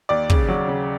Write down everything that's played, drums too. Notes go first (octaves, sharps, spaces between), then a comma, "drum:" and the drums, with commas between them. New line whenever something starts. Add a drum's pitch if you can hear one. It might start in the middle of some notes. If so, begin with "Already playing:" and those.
D#2 D5
C#3, drum: kick
F#3
C#3